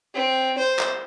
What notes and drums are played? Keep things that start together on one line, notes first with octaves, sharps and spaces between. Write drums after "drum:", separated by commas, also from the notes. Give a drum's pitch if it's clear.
C4
C5
drum: clap